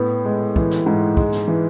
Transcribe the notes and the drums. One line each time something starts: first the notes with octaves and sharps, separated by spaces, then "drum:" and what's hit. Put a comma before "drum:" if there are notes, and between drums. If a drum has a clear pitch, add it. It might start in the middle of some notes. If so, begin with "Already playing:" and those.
Already playing: A2 B3
G#3
E3, drum: kick
drum: snare
G#2
G#3, drum: kick
drum: snare
E3